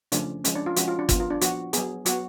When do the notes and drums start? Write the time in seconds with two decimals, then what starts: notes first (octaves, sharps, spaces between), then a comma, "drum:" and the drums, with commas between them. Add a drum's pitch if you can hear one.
0.12 C#3 F3 A3 C#4 D4, drum: hi-hat
0.45 F3 G#3 C#4, drum: hi-hat
0.55 D4
0.66 F4
0.76 F3 G#3 C#4 F#4, drum: hi-hat
0.88 F4
0.99 D4
1.09 F3 B3 F4, drum: kick, hi-hat
1.20 F4
1.30 D4
1.41 F3 B3 F#4, drum: hi-hat
1.73 F#3 B3 G#4, drum: hi-hat
2.06 F#3 B3 F#4, drum: hi-hat